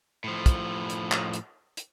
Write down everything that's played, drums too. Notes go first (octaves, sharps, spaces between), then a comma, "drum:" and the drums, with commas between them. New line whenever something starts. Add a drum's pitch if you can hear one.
A2 F3
drum: kick, hi-hat
drum: hi-hat
drum: clap
drum: hi-hat
drum: hi-hat